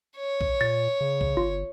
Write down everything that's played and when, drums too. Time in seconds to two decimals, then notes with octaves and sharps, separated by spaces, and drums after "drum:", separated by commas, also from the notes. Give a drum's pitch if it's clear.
0.16 C#5
0.41 drum: kick
0.61 A#2 A6
1.01 C#3
1.21 drum: kick
1.37 G1 F4